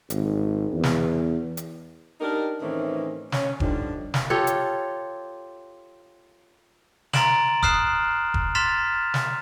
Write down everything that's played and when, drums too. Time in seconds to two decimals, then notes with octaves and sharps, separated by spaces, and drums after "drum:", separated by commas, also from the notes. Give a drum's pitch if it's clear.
0.10 G#1, drum: hi-hat
0.72 E2
0.83 drum: snare
1.57 drum: hi-hat
2.21 D4 D#4 G4 A#4
2.61 A2 D#3 E3 C4 C#4
3.32 C#4, drum: snare
3.60 D3 F3 G3 D4 D#4, drum: kick E1
4.14 drum: snare
4.30 F4 G4 A4 C#5
4.47 drum: hi-hat
7.13 A#5 C6 A6 D7 E7 F#7, drum: snare
7.63 D#6 F6 F#6 C7 E7, drum: kick E1
8.34 drum: kick E1
8.55 C6 F6 A6 B6 E7 F7
9.14 drum: snare